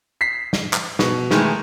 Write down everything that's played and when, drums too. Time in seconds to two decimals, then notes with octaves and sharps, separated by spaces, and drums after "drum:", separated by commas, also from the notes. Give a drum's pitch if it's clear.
0.21 B6 C7
0.53 drum: snare
0.73 drum: clap
0.99 B2, drum: snare
1.31 D#3 E3 G#3 A3, drum: snare